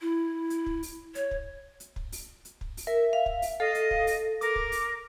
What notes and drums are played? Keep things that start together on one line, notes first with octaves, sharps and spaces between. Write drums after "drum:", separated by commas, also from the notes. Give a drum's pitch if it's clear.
E4
drum: hi-hat
drum: kick
drum: open hi-hat
C#5, drum: hi-hat
drum: kick
drum: hi-hat
drum: kick
drum: open hi-hat
drum: hi-hat
drum: kick
drum: open hi-hat
A#4 E5
F5
drum: kick
drum: open hi-hat
A4 D#5 F5
drum: hi-hat
drum: kick
drum: open hi-hat
A#4 D6, drum: hi-hat
drum: kick
drum: open hi-hat